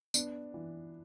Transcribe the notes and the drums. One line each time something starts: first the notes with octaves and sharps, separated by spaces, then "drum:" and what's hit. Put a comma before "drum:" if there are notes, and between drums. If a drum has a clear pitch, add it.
B3 D4, drum: tambourine
E3